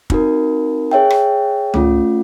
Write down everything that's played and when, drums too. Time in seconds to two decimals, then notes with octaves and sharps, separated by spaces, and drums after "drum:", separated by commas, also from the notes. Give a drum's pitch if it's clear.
0.10 C4 D#4 F#4 A#4, drum: kick
0.91 G#4 C#5 E5 G5
1.10 drum: rim click
1.74 A3 C#4 F4, drum: tom C#2